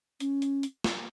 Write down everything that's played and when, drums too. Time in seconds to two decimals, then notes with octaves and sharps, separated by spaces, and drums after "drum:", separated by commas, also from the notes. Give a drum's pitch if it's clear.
0.20 C#4, drum: hi-hat
0.42 drum: hi-hat
0.63 drum: hi-hat
0.84 drum: snare